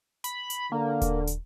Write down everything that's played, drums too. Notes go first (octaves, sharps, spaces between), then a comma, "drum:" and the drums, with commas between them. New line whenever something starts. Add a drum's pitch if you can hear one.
B5, drum: hi-hat
drum: hi-hat
D3 A#3
drum: kick D#1, hi-hat
drum: hi-hat